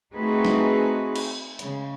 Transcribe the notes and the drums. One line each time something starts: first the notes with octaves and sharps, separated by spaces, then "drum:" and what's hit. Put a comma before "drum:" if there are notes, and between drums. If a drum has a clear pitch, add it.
A3 C4 D#4 F#4 G#4 B4
drum: snare
drum: cymbal
C#3 G#3, drum: hi-hat